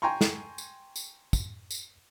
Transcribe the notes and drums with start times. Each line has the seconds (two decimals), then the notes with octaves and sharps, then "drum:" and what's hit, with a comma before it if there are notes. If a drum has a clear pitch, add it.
0.02 G5 G#5 A#5 C6 C#6
0.21 drum: snare
0.58 drum: tambourine
0.96 drum: tambourine
1.33 drum: kick, tambourine
1.71 drum: tambourine